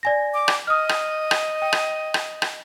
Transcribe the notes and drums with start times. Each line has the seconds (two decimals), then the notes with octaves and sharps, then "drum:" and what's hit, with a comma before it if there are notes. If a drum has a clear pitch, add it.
0.03 D5 G#5 A#6
0.34 D6
0.48 drum: rim click
0.67 D#5 D#6 F6
0.89 drum: rim click
1.31 drum: rim click
1.62 G5
1.73 drum: rim click
2.14 drum: rim click
2.42 drum: rim click